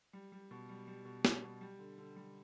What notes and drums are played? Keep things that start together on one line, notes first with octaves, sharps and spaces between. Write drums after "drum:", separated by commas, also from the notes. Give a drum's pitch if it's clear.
G3
G3
B2
G3
G3
B2
G3, drum: snare
B2
G3
D3
D3
G3